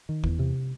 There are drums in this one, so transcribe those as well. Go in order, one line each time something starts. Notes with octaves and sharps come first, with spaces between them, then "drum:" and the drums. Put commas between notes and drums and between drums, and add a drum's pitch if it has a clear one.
D#3
E2, drum: kick
C3